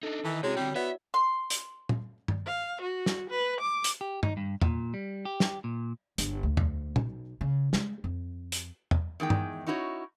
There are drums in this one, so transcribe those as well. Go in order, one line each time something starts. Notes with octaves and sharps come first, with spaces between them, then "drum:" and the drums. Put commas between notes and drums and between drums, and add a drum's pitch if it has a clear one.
D4 D#4 A4
D#3 E3 A5
C3 G#3 C#4 E4 F#4 C#5
D3 G3 C4 G5
B3 F#4 D5 E5
C6
drum: hi-hat
drum: tom
drum: tom G2
F5
F#4
drum: snare
B4
D6
drum: hi-hat
G4
D#4, drum: tom G2
G2
A#2, drum: tom E2
G3
G4
drum: snare
A#2
G1, drum: hi-hat
D2
drum: tom E2
B1, drum: tom
C#3
G#3, drum: snare
F2
drum: hi-hat
drum: tom E2
E2 D#3 G#3 G5
drum: tom G2
C#4 D#4 E4 F#4 B4 C#5